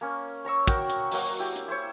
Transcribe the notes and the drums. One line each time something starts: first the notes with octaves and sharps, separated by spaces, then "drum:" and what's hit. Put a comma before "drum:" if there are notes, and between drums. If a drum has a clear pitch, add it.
A#3 C#4
C#5 A#5 C#6 E6
F#4 A#4 G5, drum: kick, hi-hat
drum: hi-hat
F#3 A#3 F#4, drum: open hi-hat
E4 G4
drum: hi-hat
E4 C5 C#5